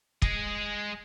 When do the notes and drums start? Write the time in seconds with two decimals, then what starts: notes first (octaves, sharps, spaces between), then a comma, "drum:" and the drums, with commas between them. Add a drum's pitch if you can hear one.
0.22 G#3 G#4, drum: kick